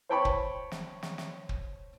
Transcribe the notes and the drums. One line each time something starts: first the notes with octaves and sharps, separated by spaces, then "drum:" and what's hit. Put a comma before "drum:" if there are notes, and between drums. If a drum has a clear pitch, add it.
C5 C#5 G5 A5 B5 C#6
drum: kick
drum: snare
drum: snare
drum: snare
drum: kick